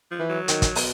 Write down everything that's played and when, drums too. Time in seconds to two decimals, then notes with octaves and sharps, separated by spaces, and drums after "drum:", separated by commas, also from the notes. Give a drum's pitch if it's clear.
0.11 F3
0.19 E3
0.29 F#3
0.48 D#3, drum: hi-hat
0.62 drum: kick, hi-hat
0.76 B2, drum: open hi-hat